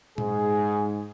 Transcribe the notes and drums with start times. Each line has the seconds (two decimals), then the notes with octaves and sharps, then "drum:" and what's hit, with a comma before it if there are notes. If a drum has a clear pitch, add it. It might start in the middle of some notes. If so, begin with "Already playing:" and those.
0.18 G#2 G#4, drum: tom A#2